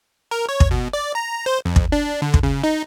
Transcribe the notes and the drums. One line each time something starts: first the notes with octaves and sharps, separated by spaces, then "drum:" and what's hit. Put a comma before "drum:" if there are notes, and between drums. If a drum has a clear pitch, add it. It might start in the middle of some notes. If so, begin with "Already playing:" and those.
A#4
C#5
drum: kick
B2
D5
A#5
C5
F2
drum: kick
D4
D3
drum: kick
C#3
D#4